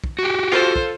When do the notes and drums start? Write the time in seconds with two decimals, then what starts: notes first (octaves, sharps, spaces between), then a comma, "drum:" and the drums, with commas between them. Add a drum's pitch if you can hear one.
0.04 drum: kick
0.19 F#4 G4
0.52 F4 A4 C5
0.76 drum: kick